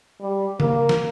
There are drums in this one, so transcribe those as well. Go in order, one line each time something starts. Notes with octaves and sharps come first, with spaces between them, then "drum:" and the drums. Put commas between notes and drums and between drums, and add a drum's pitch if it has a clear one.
G3
A#3, drum: tom C#3
drum: snare